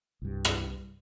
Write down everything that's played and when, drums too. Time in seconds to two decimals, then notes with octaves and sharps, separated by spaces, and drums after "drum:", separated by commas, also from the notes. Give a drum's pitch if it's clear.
0.22 C2 G2
0.45 drum: rim click